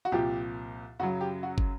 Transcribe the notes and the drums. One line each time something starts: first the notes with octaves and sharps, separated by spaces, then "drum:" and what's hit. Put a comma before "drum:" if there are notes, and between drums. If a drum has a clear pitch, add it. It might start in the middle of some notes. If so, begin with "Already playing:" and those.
F#4
C2 A#2 F3 G4
F#2 C#3 F#3 F#4
G4
F#4
drum: kick